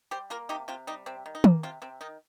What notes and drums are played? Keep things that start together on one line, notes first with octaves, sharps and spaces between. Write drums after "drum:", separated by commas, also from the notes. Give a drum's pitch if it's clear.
G3 G4 C5
A#3 F4 A#4
C3 D#4 G4
C3 C4 F4
G3 D#4
C3 C4
D#3
D#4
A#3, drum: tom
C3 C4 F4
C3 C4
D#3 D#4